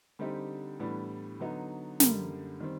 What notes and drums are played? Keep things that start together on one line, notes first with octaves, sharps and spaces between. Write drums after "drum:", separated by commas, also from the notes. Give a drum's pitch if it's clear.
D3 G3 C4 D#4 G4
A2 E3 G3 B3 D4
D3 F#3 B3 D#4
F#2 D3 G3 A#3, drum: snare
D#3 G3 C4